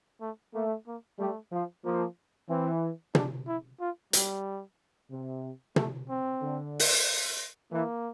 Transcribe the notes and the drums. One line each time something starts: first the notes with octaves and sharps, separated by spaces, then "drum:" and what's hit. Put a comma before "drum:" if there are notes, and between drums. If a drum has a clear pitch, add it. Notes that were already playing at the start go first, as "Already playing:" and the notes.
A3
A3 A#3
A#3
G3 A3
F3
F3 A#3
E3 C4
D4, drum: tom
E4
F4
G3, drum: hi-hat
C3
A3, drum: tom
C4
D3
drum: open hi-hat
E3 A#3